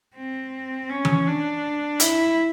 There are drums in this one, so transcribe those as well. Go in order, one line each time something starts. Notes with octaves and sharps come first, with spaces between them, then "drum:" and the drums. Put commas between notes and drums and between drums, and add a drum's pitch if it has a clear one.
C4
C#4
drum: tom E3
D4
E4, drum: hi-hat